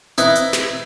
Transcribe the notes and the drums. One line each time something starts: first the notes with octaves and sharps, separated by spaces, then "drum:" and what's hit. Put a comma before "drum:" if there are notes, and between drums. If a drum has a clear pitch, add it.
C4 D#4 E4 B4 E5 D#6 F#6, drum: hi-hat
drum: hi-hat
drum: snare